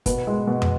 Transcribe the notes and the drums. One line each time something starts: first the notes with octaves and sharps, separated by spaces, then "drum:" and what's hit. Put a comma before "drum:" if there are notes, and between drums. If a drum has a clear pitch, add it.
B2 B4, drum: kick, hi-hat
G#3
B2
drum: tom